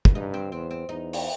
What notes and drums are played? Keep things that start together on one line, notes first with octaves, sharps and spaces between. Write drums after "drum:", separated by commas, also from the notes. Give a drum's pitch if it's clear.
drum: kick
G2 D#4
C4
E2 C4
C4
E2 D#4
drum: open hi-hat